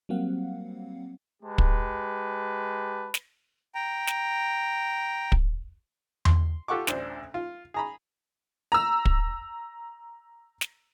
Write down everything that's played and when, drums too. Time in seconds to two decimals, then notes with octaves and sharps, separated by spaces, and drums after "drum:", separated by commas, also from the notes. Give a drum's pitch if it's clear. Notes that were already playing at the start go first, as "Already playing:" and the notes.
0.09 F#3 G3 A#3 C4 F5 F#5
1.43 G#3 G4 B4 A5
1.58 drum: kick
3.14 drum: snare
3.75 G5 A#5
4.07 drum: snare
5.32 drum: kick
6.25 C6, drum: tom E2
6.68 F4 G4 A4 F#5 C#6 D6
6.87 A1 D2 D4 C5, drum: snare
7.34 F4
7.74 G#4 A#5 B5
8.72 A#5 E6
9.05 drum: kick
10.61 drum: snare